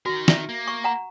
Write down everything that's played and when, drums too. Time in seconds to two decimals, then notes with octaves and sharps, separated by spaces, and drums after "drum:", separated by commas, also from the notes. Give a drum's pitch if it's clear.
0.06 D#3 F#4 A#4
0.28 E5, drum: snare
0.49 A#3
0.67 C#6
0.84 F#5 A#5